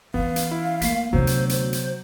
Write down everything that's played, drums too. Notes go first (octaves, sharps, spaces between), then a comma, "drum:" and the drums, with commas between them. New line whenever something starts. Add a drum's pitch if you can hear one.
E3 B3 C#4 F5
drum: hi-hat
E4
A3 A#3 B6 C7, drum: hi-hat
D2 C3 F#3 B3 C5
drum: hi-hat
C5, drum: hi-hat
drum: hi-hat